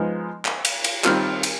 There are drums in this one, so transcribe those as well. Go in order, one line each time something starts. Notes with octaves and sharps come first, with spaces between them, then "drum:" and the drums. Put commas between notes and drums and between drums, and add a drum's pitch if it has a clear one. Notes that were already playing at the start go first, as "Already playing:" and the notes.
Already playing: F3 G#3 B3 D#4
drum: clap
drum: cymbal
drum: cymbal
D#3 G3 C4 F4 A#4, drum: clap
drum: cymbal